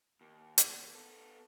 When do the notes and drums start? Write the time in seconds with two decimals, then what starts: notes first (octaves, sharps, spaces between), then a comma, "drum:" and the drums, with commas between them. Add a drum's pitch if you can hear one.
0.21 D#2
0.58 drum: hi-hat
0.94 B3 A4